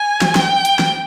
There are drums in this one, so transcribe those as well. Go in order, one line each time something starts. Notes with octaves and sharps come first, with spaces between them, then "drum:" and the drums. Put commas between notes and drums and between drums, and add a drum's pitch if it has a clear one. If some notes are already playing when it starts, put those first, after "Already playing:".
Already playing: G#5
drum: snare
G5, drum: snare
drum: hi-hat
drum: snare